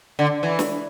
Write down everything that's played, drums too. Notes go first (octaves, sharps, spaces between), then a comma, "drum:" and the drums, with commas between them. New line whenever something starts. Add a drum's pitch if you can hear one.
D3
E3
drum: snare